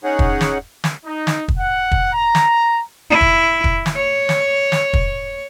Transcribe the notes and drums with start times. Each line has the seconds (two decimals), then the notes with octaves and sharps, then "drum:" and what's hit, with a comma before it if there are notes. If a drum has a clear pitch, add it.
0.04 C#4 D#4 G#4 C#5 F#5
0.19 drum: kick
0.41 drum: snare
0.84 drum: snare
1.05 D#4
1.27 drum: snare
1.48 drum: kick
1.58 F#5
1.92 drum: kick
2.13 A#5
2.35 drum: snare
3.10 E4
3.21 drum: kick
3.64 drum: kick
3.86 drum: snare
3.96 C#5
4.29 drum: snare
4.72 drum: snare
4.93 drum: kick